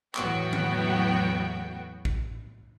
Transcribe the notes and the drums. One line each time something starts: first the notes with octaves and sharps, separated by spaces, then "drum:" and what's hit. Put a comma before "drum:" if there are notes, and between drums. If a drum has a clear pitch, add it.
E2 A2 F#3 B3 F#4 G5, drum: clap
drum: tom D3
drum: kick